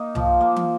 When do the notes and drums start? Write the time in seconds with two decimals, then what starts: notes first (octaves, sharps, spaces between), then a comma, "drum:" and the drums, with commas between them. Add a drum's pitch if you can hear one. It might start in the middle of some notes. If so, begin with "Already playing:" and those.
Already playing: A#3 D#4
0.15 F3, drum: tom C2
0.41 A#3
0.56 drum: tom